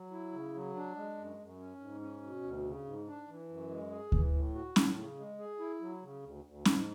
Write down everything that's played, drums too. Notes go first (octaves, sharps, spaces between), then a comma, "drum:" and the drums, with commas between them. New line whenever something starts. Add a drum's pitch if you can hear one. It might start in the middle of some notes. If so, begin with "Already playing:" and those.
Already playing: F#3
E4
C#3
F#3
D4
G#3
F#2
F#2
C#4
G#2
C#4
B2
D2
C#3
G#2
D4
E3
F#2
G#3
G#4
E3, drum: kick D2
A2
F#4
A2, drum: snare C#4
C#3
G#3
G#4
E4
F#3
C#3
D2
D2
G#2, drum: snare C#4